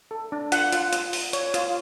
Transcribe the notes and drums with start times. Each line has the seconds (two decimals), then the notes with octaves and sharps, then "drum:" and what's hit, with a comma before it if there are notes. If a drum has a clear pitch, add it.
0.11 A4
0.32 D4
0.52 F4 F#5, drum: hi-hat
0.72 F4, drum: hi-hat
0.93 F4, drum: hi-hat
1.13 F4, drum: open hi-hat
1.33 C#5, drum: hi-hat
1.54 F4, drum: hi-hat